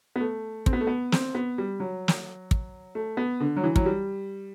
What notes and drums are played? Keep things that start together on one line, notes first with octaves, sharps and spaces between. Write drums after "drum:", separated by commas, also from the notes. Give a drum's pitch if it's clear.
B3
A3
C4, drum: kick
B3
A3
B3
C4, drum: snare
B3
G3
F#3
drum: snare
drum: kick
A3
B3
D3
F#3
E3
F#3, drum: kick
G3